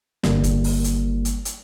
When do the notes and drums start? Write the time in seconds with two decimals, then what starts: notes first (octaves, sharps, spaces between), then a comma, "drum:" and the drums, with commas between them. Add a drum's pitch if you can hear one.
0.23 G1 G3 A#3, drum: snare
0.44 drum: kick, hi-hat
0.64 drum: open hi-hat
0.84 drum: hi-hat
1.25 drum: hi-hat
1.45 drum: hi-hat